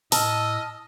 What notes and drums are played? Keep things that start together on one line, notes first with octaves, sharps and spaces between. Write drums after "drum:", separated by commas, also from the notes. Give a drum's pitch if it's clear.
A2 D#5 A5 E6 F6, drum: open hi-hat